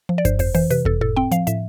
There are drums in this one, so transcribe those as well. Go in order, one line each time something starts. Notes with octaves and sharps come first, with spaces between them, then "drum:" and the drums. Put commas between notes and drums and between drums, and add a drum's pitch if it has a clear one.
F3
D5
G2 C5, drum: kick F#1, hi-hat
F2 C5, drum: open hi-hat
E3 C5, drum: open hi-hat
C3 B4, drum: hi-hat
F2 A4, drum: kick F#1
A2 A4
C4 G5
F3 F5, drum: hi-hat
A2 E5, drum: hi-hat